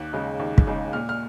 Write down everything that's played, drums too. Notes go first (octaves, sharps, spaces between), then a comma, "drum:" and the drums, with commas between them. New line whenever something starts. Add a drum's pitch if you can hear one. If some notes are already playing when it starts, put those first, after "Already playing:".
Already playing: D#2 F#6
C#3 G#3 D#4
D#2
drum: kick
C#3 G#3 D#4
A#2 F6
F6